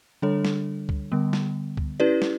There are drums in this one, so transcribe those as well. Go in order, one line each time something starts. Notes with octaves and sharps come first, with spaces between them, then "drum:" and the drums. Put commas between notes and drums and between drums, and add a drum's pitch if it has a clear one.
D3 G3 D4 A4 C#5
drum: snare
drum: kick C#2
D3 G3 B3
drum: snare
drum: kick C#2
C#4 E4 G4 B4 D5
drum: snare